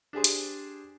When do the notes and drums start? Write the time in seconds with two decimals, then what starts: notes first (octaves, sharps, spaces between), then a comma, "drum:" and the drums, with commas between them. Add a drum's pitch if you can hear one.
0.13 D4 G4 G#4 C5
0.24 drum: hi-hat